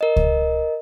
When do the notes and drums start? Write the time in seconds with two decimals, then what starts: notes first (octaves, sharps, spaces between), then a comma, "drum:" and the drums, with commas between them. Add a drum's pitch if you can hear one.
0.01 A#4 D#5
0.16 drum: kick C#2